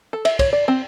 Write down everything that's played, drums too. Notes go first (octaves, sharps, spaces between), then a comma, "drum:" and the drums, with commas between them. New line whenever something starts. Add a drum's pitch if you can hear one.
A4
E5, drum: cymbal
C#5, drum: kick, cymbal
D5
C4